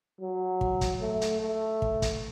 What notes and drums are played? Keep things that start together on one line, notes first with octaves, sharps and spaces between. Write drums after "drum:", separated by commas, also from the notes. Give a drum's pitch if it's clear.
F#3
drum: kick
drum: kick, hi-hat
A3
drum: hi-hat
A3
drum: kick
drum: kick, hi-hat